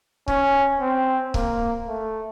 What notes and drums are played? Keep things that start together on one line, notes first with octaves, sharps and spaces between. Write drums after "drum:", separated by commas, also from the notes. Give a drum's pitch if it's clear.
C#4, drum: kick C#1
C4
A#3, drum: kick C#1
A3